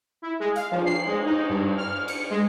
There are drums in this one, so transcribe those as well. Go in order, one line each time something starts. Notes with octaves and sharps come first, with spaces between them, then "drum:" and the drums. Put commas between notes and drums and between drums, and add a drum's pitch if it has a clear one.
E4
G#3
F5, drum: hi-hat
F3, drum: cymbal
C7
G#3
D#4
G2
F6
C#7, drum: cymbal
G#3